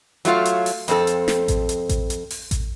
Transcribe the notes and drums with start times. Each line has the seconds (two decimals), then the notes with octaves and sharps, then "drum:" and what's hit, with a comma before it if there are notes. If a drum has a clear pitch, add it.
0.25 F#3 A3 F4 F5, drum: hi-hat
0.45 drum: hi-hat
0.66 drum: open hi-hat
0.88 F2 C4 A4, drum: hi-hat
1.07 drum: hi-hat
1.28 drum: snare
1.48 drum: kick A1, hi-hat
1.69 drum: hi-hat
1.89 drum: kick A1, hi-hat
2.10 drum: hi-hat
2.30 drum: open hi-hat
2.51 drum: kick A1, hi-hat